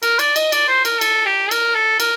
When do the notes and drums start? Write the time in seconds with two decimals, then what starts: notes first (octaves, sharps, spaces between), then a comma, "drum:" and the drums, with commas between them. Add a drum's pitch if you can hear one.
0.03 A#4, drum: cymbal
0.19 D5, drum: cymbal
0.36 D#5, drum: cymbal
0.52 D5, drum: cymbal
0.69 C5
0.85 A#4, drum: cymbal
1.01 A4, drum: cymbal
1.26 G4
1.51 A#4, drum: cymbal
1.75 A4
2.00 A#4, drum: cymbal